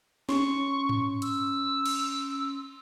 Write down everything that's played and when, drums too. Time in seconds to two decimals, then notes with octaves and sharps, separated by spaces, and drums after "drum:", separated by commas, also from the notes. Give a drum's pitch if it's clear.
0.29 C#4 C6 C#6, drum: snare
0.89 drum: tom G#2
1.22 E6, drum: hi-hat
1.86 drum: cymbal